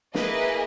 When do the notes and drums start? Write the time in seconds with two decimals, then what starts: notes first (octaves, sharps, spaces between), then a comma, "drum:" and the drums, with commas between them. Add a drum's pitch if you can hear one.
0.15 A#3 E4 G#4 B4 D#5, drum: snare